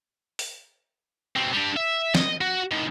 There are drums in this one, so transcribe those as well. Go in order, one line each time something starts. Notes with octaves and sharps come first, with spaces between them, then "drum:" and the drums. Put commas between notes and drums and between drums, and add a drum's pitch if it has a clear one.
drum: open hi-hat
B2 C4
G3 D4
E5
D#5, drum: snare
F#4
A2 D#3